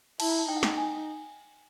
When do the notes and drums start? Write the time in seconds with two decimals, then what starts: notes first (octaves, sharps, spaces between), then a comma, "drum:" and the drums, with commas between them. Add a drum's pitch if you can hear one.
0.20 E4 A5, drum: cymbal
0.29 A#5
0.39 A5
0.48 D#4 G5
0.57 F#5
0.63 G5, drum: snare
0.77 G#5